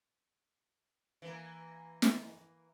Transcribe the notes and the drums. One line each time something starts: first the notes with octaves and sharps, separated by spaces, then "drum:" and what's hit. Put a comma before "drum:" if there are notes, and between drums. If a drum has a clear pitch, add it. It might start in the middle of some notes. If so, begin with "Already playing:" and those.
E3 A#3
drum: snare